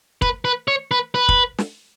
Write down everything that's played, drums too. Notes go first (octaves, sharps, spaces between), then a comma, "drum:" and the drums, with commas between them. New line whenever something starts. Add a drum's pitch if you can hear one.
B4, drum: kick
B4
C#5
B4
B4
drum: kick
drum: snare